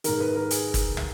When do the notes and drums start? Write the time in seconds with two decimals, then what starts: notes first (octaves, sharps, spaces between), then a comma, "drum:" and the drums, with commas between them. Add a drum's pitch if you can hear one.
0.04 G#2 D#3 A#4, drum: hi-hat
0.20 B4
0.35 A#4
0.51 G#4, drum: hi-hat
0.74 drum: kick, hi-hat
0.97 drum: tom